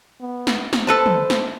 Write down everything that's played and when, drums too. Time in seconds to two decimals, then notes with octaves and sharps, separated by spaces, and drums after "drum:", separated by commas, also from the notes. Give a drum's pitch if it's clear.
0.21 B3
0.47 drum: snare
0.73 drum: snare
0.87 A4 B4 C5 A5
1.06 drum: tom
1.30 drum: snare